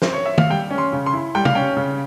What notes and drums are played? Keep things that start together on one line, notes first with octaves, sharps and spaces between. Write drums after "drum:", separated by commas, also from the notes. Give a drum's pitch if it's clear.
C5, drum: snare
C#5
E5
F5, drum: tom
G3 G5
C#4
C6
C#3
C6
E4
G3 G5
F5, drum: tom
C#4 G5
C#3